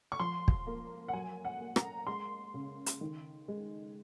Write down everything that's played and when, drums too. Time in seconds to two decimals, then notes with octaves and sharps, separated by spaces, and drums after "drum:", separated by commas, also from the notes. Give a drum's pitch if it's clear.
0.12 C#6
0.20 F3 C6
0.48 drum: kick
0.67 A#3
1.08 F#5
1.13 F#3 G#5
1.45 F#5
1.60 A#3
1.76 A#5, drum: rim click
2.07 G#3 C6
2.54 C#3
2.86 drum: hi-hat
3.01 D#3
3.48 G#3